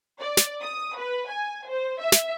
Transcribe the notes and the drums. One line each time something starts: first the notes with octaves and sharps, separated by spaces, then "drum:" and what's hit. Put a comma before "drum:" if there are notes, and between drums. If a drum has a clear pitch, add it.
D5
drum: snare
D#6
B4
G#5
C5
E5
drum: snare